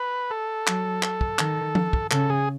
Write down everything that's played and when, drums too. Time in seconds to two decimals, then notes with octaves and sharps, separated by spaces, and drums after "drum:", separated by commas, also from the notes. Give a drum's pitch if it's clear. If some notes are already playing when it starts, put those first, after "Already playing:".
Already playing: B4
0.31 A4
0.67 F#3, drum: clap
1.03 drum: clap
1.21 drum: kick
1.39 D#3, drum: clap
1.75 drum: tom F3
1.93 drum: kick
2.11 C#3 A4, drum: clap
2.30 G#4